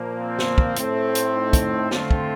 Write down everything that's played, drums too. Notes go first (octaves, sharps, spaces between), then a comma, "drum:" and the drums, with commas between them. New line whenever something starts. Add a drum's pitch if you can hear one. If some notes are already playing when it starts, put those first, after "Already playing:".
Already playing: A#2 F3 A#3
C4
drum: snare
drum: kick
A2 A3 C4, drum: hi-hat
drum: hi-hat
D#4
drum: kick, hi-hat
D3 A3 C4 F4, drum: snare
drum: kick